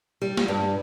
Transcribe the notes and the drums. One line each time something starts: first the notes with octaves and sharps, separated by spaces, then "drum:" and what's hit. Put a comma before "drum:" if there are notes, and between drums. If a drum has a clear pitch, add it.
G3
drum: snare
G2